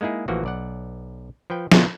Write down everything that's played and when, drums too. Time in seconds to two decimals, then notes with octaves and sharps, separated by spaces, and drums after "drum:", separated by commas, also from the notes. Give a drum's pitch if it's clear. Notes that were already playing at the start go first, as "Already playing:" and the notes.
0.01 G#3 A#3 D#4 E4 G#4
0.28 A1 E3 F3 A#3 F#4
0.44 B1 D5 F#5
1.50 F3 B4 G5
1.72 B2 D3 F#3 E4 F4, drum: snare